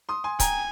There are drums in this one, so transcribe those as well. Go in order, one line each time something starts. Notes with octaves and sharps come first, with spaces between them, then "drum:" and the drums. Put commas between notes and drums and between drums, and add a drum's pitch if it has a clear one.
C6 D#6
G#5 C6
G5 G#5 A#5, drum: kick C#1, hi-hat